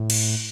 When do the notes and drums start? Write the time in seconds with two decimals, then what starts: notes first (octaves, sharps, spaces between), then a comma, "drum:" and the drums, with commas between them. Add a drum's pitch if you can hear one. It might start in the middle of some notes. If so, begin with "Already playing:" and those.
Already playing: A2
0.10 drum: cymbal